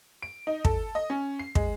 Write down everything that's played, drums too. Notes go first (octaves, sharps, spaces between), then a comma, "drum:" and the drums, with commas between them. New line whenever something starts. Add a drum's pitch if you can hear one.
D7
D#4
A4, drum: kick
D#5
C#4
C7
G#3, drum: kick